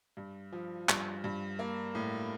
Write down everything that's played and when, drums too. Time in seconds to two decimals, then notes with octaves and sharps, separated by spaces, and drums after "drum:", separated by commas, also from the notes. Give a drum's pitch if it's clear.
0.17 G2
0.52 F3
0.89 G2, drum: clap
1.24 G2
1.59 A#3
1.95 A2